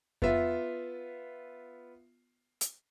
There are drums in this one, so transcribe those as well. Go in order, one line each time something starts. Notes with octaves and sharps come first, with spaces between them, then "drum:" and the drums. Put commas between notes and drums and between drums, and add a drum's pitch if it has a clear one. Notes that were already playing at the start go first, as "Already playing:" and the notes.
B3 F4 E5, drum: kick F2
drum: hi-hat